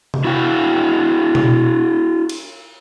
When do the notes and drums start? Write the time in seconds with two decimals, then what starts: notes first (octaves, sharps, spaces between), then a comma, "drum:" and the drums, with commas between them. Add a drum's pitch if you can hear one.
0.14 drum: tom C3
0.24 D4 E4 F#4 F5 G5
1.35 drum: tom B2
2.29 drum: cymbal